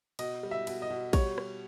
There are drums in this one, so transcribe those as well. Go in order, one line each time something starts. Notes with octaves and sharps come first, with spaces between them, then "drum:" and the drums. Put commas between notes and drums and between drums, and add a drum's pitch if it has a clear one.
B2 D#5, drum: cymbal
G3
E5
B2, drum: cymbal
D#5
B2
G3 C#5, drum: kick, cymbal
G3, drum: rim click